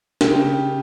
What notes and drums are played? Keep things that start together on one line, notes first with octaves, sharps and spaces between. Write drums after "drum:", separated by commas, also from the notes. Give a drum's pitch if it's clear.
C#3 G4, drum: snare